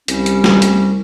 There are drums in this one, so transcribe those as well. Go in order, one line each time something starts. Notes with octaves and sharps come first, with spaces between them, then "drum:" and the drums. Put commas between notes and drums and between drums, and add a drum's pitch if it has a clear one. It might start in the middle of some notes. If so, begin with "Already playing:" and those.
C2 G3 C#4, drum: hi-hat
drum: hi-hat
drum: snare
drum: hi-hat